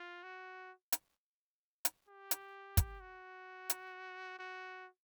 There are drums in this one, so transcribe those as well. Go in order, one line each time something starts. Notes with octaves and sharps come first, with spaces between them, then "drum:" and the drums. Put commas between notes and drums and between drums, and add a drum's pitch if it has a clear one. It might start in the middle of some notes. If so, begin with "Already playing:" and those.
Already playing: F4
F#4
drum: hi-hat
drum: hi-hat
G4
drum: hi-hat
drum: kick, hi-hat
F#4
drum: hi-hat
F#4